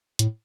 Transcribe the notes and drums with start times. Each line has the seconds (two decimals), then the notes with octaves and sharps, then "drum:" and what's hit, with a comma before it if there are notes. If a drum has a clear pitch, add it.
0.19 A2, drum: hi-hat